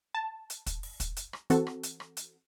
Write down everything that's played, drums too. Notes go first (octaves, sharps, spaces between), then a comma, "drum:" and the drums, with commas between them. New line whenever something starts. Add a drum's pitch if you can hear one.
A5
drum: hi-hat
drum: kick, hi-hat
drum: open hi-hat
drum: kick, hi-hat
drum: hi-hat
drum: rim click
E3 C4 F#4 A4, drum: hi-hat
drum: rim click
drum: hi-hat
drum: rim click
drum: hi-hat